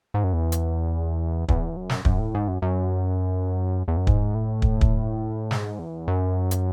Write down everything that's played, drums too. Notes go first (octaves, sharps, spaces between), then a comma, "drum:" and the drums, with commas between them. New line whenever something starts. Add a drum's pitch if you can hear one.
G#2
F#2
E2
drum: hi-hat
E2, drum: kick
F#2
drum: snare
F#2, drum: kick
A2
G#2
F#2
F#2
E2
F#2
G#2, drum: kick
A2
drum: kick
drum: kick
G#2, drum: snare
E2
F#2
drum: hi-hat